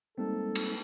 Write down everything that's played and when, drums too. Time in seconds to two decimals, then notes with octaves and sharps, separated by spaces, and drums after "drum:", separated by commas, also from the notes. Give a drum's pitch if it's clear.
0.18 G3 G#3 A#3 C4 D#4 A4
0.55 drum: cymbal